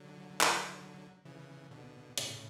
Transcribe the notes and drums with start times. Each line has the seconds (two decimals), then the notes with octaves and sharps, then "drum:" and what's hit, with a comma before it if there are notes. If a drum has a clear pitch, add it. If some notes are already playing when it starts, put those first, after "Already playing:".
Already playing: D3 F#3
0.41 drum: clap
1.25 C#3 E3
1.71 B2 D3
2.18 A2 C#3, drum: hi-hat